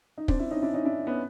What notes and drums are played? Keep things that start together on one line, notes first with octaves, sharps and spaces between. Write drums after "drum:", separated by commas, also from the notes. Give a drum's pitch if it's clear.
D#4
C4 D4, drum: kick
D4 E4
C#4 D#4
D4 E4
C#4 D#4
D4 E4
B3 C#4